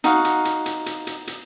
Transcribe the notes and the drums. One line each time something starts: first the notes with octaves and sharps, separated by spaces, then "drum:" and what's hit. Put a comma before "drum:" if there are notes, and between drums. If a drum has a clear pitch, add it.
D#4 F#4 F5 F#5, drum: hi-hat
drum: hi-hat
drum: hi-hat
drum: hi-hat
drum: hi-hat
drum: hi-hat
drum: hi-hat